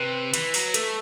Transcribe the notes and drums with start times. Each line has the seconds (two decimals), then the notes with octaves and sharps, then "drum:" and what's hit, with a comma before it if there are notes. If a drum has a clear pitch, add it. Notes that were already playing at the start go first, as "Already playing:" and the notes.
Already playing: C3 B4
0.34 E3, drum: hi-hat
0.54 F#3, drum: open hi-hat
0.74 A3 A4, drum: hi-hat